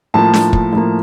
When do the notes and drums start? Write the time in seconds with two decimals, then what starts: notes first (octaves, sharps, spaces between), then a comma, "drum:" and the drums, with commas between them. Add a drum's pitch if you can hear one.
0.14 A2 F3 A#3 A5
0.34 drum: snare D4
0.53 drum: kick
0.72 A2 F3 A#3